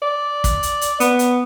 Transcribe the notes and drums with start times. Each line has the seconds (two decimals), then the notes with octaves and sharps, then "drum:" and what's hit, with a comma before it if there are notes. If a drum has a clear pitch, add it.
0.02 D5
0.44 drum: kick, hi-hat
0.63 drum: hi-hat
0.81 drum: hi-hat
1.00 B3, drum: hi-hat
1.19 drum: hi-hat